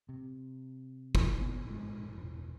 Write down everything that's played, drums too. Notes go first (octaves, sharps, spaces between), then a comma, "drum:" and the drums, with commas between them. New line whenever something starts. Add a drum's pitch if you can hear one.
C3
drum: kick
B3
G#3
E1